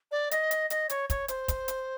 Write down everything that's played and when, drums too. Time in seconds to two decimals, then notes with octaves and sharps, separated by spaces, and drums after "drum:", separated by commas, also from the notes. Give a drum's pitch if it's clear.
0.12 D5
0.31 D#5, drum: hi-hat
0.51 drum: hi-hat
0.70 D#5, drum: hi-hat
0.89 C#5, drum: hi-hat
1.10 C#5, drum: kick, hi-hat
1.28 C5, drum: hi-hat
1.48 drum: kick, hi-hat
1.68 drum: hi-hat